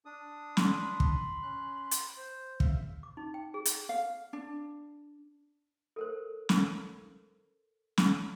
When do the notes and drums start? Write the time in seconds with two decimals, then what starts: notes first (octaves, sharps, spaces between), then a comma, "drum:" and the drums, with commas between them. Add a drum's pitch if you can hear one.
0.05 D4 D#6
0.57 B5 C6, drum: snare
1.00 drum: kick
1.43 C#4 F#6
1.91 drum: hi-hat
2.17 C5
2.60 C#3 E5 F5, drum: kick
3.03 D6
3.17 D#4
3.34 G5
3.54 G#4
3.65 drum: hi-hat
3.89 F5
4.33 D4
5.96 A4 A#4 C5
6.49 drum: snare
7.97 drum: snare